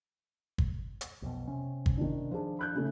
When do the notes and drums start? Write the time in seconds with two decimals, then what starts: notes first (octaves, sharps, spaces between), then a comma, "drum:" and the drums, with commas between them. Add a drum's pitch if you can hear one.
0.58 drum: kick G1
1.01 drum: hi-hat
1.22 B1 F2 B2
1.47 C3 C#4
1.86 drum: kick G1
1.97 D#3 D4
2.31 F3 D4 G#4 C5
2.59 B5 F#6 G6
2.75 C#3 A3